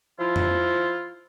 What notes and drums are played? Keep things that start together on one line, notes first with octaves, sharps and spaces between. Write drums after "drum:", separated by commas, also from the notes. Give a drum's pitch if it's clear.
F3 E4 F4
drum: tom F2